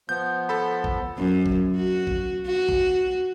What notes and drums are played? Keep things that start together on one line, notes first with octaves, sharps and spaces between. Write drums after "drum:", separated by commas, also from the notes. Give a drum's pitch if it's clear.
F3 B3 G6
A4 B5
drum: kick A1
F#2
drum: kick A1
F#4
drum: kick A1
F#4
drum: kick A1